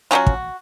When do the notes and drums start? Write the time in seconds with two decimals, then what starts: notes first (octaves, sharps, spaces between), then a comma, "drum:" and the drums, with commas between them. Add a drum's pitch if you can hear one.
0.11 F#3 A#3 C#4 F4 F#4
0.27 drum: kick